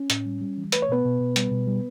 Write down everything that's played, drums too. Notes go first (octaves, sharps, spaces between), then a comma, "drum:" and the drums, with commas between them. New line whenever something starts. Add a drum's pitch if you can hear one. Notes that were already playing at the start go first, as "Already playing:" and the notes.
Already playing: C#4
A2, drum: hi-hat
G3
G3
E3
A3 B4, drum: hi-hat
C#5
B2 B3 B4
B2
B2
G3, drum: hi-hat
B2
G3